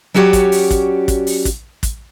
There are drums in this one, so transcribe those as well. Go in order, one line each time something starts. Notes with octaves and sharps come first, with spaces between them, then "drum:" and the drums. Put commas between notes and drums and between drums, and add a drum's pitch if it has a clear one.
F#3 C#4 F#4 G4 C#5 D5
drum: kick, hi-hat
drum: open hi-hat
drum: kick, hi-hat
drum: kick, hi-hat
drum: open hi-hat
drum: kick, hi-hat
drum: kick, hi-hat